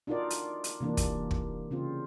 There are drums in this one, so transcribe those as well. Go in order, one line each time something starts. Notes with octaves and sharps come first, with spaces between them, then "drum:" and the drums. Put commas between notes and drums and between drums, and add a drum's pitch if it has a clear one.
D4 D#4 F4 F#4 A#4 D5
drum: hi-hat
drum: hi-hat
C3 E3 A#3 D4
drum: kick, hi-hat
drum: kick
C#3 C4 F4